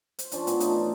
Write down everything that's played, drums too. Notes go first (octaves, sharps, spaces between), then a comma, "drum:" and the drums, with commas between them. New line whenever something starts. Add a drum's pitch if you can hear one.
C5, drum: hi-hat
F3 C#4 D4 F4, drum: hi-hat
A2 B3 G#5 C#6, drum: hi-hat
A3 D4 D#4 F4, drum: hi-hat
E3 A3 D#4